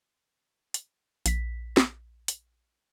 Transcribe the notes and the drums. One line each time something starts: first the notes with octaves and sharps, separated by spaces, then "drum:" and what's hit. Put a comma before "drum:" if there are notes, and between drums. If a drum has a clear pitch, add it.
drum: hi-hat
A#1 B6, drum: hi-hat
drum: snare
drum: hi-hat